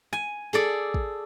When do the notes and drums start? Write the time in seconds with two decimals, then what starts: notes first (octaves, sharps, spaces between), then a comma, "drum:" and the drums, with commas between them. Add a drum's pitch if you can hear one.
0.13 G#5
0.53 G#4 A4 D5
0.94 drum: kick